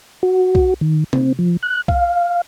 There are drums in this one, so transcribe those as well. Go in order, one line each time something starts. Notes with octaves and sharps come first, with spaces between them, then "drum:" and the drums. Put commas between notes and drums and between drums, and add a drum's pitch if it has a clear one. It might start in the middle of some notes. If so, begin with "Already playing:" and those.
F#4
drum: kick B1
D#3
C4, drum: tom C3
F3
F#6
F5, drum: kick B1